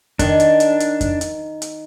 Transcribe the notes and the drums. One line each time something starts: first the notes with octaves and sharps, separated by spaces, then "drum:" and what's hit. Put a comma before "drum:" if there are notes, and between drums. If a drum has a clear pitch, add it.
D#3 D4, drum: kick F2, hi-hat
drum: hi-hat
drum: hi-hat
drum: hi-hat
drum: kick F2, hi-hat
drum: hi-hat
drum: hi-hat